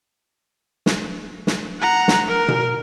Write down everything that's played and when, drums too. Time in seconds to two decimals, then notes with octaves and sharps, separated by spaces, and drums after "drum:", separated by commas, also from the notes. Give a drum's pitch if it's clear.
0.86 drum: snare
1.47 drum: snare
1.80 F#5 A#5
2.08 drum: snare
2.28 A#4
2.48 drum: tom B2